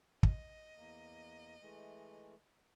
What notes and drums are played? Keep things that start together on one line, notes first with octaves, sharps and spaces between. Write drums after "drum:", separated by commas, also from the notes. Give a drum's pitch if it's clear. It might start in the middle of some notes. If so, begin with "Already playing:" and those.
D#5, drum: kick
E2 A#3
E3 G#3 A3